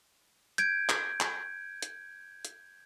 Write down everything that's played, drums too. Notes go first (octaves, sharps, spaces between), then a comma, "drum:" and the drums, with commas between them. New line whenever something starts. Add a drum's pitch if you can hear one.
G6 G#6 D7, drum: hi-hat
drum: clap
drum: clap
drum: hi-hat
drum: hi-hat